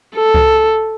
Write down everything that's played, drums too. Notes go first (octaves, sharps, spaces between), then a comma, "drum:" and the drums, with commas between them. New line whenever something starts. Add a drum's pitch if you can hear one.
A4
drum: kick C2